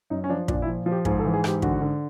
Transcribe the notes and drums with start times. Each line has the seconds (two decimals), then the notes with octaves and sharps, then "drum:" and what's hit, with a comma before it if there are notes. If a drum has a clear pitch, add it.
0.10 F#2 D#4
0.24 C#4
0.29 F3 D4
0.48 A#2 D4, drum: kick
0.62 E4
0.67 F3
0.86 F3
0.91 G4
1.05 G#2 G#4, drum: kick
1.19 A4
1.25 E3
1.33 G#4
1.44 G#2 G4, drum: rim click
1.62 D3 F#4, drum: kick
1.81 D3